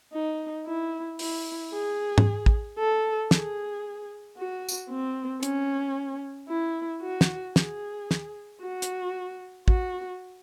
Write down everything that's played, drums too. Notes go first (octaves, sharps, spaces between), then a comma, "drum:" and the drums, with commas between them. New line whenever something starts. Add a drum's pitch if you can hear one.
D#4
E4
E4, drum: open hi-hat
G#4
drum: tom G#2
drum: kick
A4
G#4, drum: snare
F#4
drum: tambourine
C4
C#4, drum: hi-hat
E4
F#4
drum: snare
G#4, drum: snare
drum: snare
F#4
drum: hi-hat
F#4, drum: kick